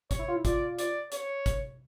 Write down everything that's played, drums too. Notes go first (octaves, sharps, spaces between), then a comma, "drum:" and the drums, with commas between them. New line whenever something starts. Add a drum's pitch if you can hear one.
C#5, drum: kick, hi-hat
E4
F4
E4
F4 D5, drum: kick, hi-hat
D5, drum: hi-hat
C#5, drum: hi-hat
drum: kick, hi-hat